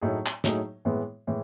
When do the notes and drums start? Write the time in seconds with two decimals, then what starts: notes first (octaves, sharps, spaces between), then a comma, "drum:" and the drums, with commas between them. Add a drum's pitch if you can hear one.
0.01 A2 F#3 A3 D#4 G#4
0.26 drum: clap
0.44 A2 F#3 A3 D#4 G#4, drum: snare
0.85 A2 E3 G#3 B3
1.27 A2 E3 G#3